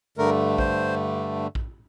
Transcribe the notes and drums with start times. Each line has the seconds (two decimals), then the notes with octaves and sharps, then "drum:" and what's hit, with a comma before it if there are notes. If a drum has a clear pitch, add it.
0.18 G2 D3 A3 A#4
0.58 C5, drum: kick A#1
1.55 drum: kick A#1